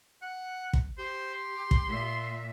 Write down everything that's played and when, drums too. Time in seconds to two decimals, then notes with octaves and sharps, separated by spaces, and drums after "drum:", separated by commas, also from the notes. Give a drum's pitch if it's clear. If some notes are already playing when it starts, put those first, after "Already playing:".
0.22 F#5
0.73 drum: kick
0.98 G4 C5
1.34 C6
1.71 drum: kick
1.88 A#2 E5